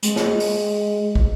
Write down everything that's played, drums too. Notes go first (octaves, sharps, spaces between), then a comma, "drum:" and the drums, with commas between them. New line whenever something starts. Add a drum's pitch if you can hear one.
G#3, drum: hi-hat
drum: snare
drum: open hi-hat
drum: kick